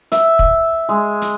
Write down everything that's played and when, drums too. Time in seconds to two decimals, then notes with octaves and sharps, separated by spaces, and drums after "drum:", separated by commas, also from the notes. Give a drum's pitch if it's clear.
0.12 E5, drum: hi-hat
0.39 drum: kick
0.89 G#3
1.22 drum: hi-hat